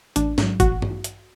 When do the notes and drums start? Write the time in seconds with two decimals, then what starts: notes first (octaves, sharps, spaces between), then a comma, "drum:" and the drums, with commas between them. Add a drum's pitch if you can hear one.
0.16 A1 D4, drum: hi-hat
0.38 G#2 F#3, drum: snare
0.60 A1 F#4, drum: kick G1, hi-hat
0.82 drum: tom G2
1.04 drum: hi-hat